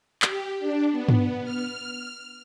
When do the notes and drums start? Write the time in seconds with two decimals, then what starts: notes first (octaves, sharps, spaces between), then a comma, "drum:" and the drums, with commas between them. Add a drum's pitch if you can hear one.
0.22 G4, drum: clap
0.59 D4
0.92 B3
1.09 drum: tom
1.44 F6